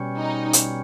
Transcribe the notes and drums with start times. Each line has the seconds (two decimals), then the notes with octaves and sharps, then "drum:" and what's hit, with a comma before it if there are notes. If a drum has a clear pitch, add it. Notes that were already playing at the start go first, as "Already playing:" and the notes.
Already playing: B2 G3 C#4
0.18 D#4
0.53 drum: hi-hat